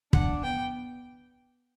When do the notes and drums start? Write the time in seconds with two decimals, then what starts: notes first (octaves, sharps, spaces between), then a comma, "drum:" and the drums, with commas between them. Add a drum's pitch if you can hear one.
0.13 D4 F#5, drum: kick
0.43 B3 G5